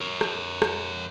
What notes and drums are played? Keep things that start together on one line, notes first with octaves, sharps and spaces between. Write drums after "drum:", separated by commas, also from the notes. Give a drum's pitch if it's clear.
A#4 C#5
drum: rim click
drum: rim click